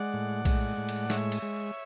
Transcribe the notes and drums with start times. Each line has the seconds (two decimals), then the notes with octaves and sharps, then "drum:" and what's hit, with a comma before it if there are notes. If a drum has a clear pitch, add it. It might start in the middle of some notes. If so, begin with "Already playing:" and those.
Already playing: G#3 D5 F#5
0.14 A2
0.45 G#3, drum: kick A#1, cymbal
0.77 A2
0.89 drum: cymbal
1.10 G#3 C#5 E5, drum: snare
1.32 drum: cymbal
1.42 G#3